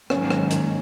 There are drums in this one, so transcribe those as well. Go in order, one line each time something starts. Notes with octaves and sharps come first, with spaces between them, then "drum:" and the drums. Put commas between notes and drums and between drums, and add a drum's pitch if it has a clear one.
G#2 D#3 F#3 A#3 C#4, drum: rim click
drum: rim click
drum: hi-hat